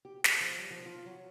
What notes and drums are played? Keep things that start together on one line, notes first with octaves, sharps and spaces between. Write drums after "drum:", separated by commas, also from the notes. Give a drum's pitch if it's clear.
G4
G#4, drum: snare
F3
G3
F3
F4
F#3